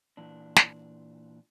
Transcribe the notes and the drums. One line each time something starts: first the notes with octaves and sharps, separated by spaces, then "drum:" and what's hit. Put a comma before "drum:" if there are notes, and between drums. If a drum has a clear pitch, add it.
A#2 E3 D4
drum: snare